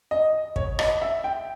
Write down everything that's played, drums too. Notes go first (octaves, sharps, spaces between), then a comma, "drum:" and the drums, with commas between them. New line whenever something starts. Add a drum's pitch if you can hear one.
D#5
C#5, drum: kick
D#5, drum: rim click
E5
G5